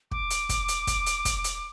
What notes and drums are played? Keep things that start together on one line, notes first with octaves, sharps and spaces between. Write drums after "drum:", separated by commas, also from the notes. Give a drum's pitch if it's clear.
D6, drum: kick
drum: hi-hat
drum: kick, hi-hat
drum: hi-hat
drum: kick, hi-hat
drum: hi-hat
drum: kick, hi-hat
drum: hi-hat